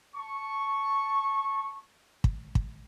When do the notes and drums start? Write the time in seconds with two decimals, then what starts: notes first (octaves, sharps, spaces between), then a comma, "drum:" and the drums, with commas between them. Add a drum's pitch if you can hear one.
0.15 A5 C#6
2.24 drum: kick
2.55 drum: kick